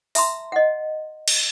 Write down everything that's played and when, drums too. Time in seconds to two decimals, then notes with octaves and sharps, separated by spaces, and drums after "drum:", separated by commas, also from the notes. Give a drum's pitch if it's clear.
0.15 E5 A5 A#5 C6, drum: open hi-hat
0.52 D#5 F#5
1.28 drum: cymbal